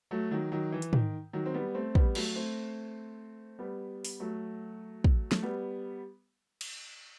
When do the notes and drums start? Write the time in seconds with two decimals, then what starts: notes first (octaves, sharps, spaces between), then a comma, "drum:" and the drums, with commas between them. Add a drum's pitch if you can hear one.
0.11 F#3 A3
0.31 D#3 F#3
0.52 D#3 F#3
0.72 E3
0.82 drum: hi-hat
0.93 D#3, drum: tom
1.33 D#3 F#3
1.46 C4
1.54 G3 B3
1.74 A3 C4
1.95 G3 B3, drum: kick
2.15 F#3 A3, drum: cymbal
2.36 A3 C4
3.59 G3 B3
4.05 drum: open hi-hat
4.20 F#3 A3
5.04 drum: kick
5.32 A3, drum: snare
5.43 G3 B3
6.61 drum: cymbal